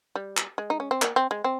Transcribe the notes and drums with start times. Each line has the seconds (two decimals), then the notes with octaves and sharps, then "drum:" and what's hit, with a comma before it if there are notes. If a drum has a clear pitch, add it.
0.15 G3
0.37 drum: clap
0.58 G#3
0.70 D#4
0.80 C#4
0.91 C4
1.02 A#3, drum: clap
1.16 C4
1.31 G#3
1.44 C4